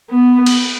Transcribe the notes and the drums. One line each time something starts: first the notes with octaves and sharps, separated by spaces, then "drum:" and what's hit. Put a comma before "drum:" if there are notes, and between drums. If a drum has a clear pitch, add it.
B3
drum: cymbal